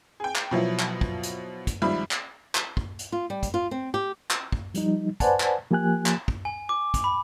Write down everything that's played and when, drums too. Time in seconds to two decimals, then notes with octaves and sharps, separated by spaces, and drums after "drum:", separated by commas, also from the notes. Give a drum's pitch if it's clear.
0.20 G#4 G5
0.35 drum: clap
0.51 B2 F3 F#3 E4
0.79 drum: clap
1.01 drum: kick
1.23 drum: hi-hat
1.67 drum: kick, hi-hat
1.82 G#1 G#2 F3 G3 E5 B5
2.11 drum: clap
2.55 drum: clap
2.77 drum: kick
2.99 drum: hi-hat
3.12 F4
3.30 G3
3.43 drum: kick, hi-hat
3.54 F4
3.71 C4
3.94 G4
4.31 drum: clap
4.52 drum: kick
4.74 F3 G3 D#4, drum: hi-hat
5.20 B4 C5 D5 F#5 G#5 A5, drum: kick, hi-hat
5.40 drum: clap
5.70 F3 A#3 G4 G#5 F#6
6.06 drum: clap
6.28 drum: kick
6.45 G#5
6.69 D6
6.94 drum: kick, hi-hat
7.04 B5